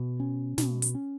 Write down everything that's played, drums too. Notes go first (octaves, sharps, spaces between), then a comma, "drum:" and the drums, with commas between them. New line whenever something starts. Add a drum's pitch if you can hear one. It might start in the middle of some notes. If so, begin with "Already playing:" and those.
Already playing: B2
C#4
B2, drum: snare
drum: hi-hat
C#4